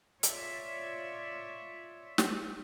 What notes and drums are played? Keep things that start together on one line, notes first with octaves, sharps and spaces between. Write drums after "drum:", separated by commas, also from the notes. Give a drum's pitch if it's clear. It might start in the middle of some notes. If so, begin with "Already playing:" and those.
F4 C#5 D5 E5, drum: hi-hat
drum: snare